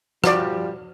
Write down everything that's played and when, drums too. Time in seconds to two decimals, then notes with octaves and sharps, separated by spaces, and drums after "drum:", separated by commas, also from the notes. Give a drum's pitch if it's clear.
0.24 F3 G3 F#4 D5, drum: rim click